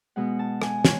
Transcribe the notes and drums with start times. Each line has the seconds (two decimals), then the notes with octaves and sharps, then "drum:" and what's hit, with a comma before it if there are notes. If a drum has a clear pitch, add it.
0.16 B2 G#3 F#5
0.39 A5
0.62 G#5, drum: rim click
0.85 C#5, drum: snare